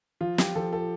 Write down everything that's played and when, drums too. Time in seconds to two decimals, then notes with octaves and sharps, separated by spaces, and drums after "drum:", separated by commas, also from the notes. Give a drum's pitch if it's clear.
0.21 F3 F4
0.38 G4, drum: snare
0.55 F3 A4
0.73 A4